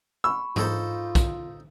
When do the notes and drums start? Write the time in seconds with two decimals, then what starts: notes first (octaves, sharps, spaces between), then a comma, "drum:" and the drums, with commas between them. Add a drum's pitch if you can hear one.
0.24 B5 C#6 E6
0.56 D#4 F4 A4 C5, drum: tom G#2
1.15 drum: kick B1, hi-hat